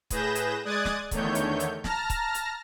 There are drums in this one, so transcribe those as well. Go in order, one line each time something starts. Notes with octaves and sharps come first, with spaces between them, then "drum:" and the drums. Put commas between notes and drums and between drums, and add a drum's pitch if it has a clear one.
A2 G#4 B4 G6 A#6 E7, drum: kick C#1, hi-hat
drum: hi-hat
G#3 D5 D#6 F#6 G#6 A6
drum: snare
E2 D3 D#3 A3 C#5 G6, drum: kick C#1, hi-hat
drum: hi-hat
drum: hi-hat
A5 A#5 F6 A#6, drum: snare
drum: kick C#1, hi-hat
drum: hi-hat